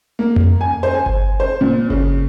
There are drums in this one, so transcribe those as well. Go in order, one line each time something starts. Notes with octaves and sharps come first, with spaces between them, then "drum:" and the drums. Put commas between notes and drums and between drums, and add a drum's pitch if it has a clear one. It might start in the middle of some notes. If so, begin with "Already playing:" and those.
A#3
drum: tom F2
G#5
C5
G#5
drum: kick G1
C5
A#2
C#3, drum: kick G1